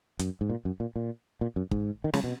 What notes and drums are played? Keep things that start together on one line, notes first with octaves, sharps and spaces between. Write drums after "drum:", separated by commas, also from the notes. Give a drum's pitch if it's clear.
F#2, drum: hi-hat
G#2
A#2
F#2
A#2
A#2
A#2
F#2
G#2, drum: kick
D#3
C#3, drum: snare
B2